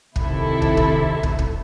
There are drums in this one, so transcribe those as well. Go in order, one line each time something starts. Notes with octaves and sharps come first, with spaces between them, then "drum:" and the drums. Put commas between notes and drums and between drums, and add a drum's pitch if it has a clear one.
C3 D#3 E4 A4, drum: kick
drum: kick
drum: kick
drum: kick
drum: kick